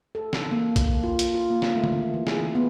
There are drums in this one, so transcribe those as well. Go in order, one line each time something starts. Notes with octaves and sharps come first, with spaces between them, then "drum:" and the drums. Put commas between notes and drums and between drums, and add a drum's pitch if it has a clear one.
A4
drum: snare
A#3
drum: kick A#1, hi-hat
F4
drum: hi-hat
F4
A#3
drum: snare
A3
drum: tom D3
E3
G#4, drum: snare
B3